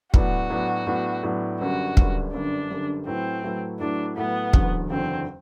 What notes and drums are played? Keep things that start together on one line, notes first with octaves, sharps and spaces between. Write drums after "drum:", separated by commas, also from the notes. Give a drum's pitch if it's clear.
A2 F#3 B3 D4 F#4, drum: kick
A2 F#3 B3 D4
A2 F#3 B3 D4
A2 F#3 B3 D4
G1 F#2 D3 G3 F#4
G1 F#2 D3 G3, drum: kick
G1 F#2 D3 G3 D4
G1 F#2 D3 G3
A2 F#3 A3 C4 E4 B4
A2 F#3 A3 E4 B4
A2 F#3 A3 D4 E4 B4
A2 F#3 A3 B3 E4 B4
F#1 E2 D3 F#3, drum: kick
F#1 E2 D3 F#3 C4